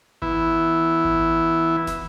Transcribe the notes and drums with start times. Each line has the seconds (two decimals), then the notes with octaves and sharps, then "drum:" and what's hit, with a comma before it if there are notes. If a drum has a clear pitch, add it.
0.22 E3 B3 E4, drum: kick G#1
1.05 drum: kick G#1
1.87 drum: snare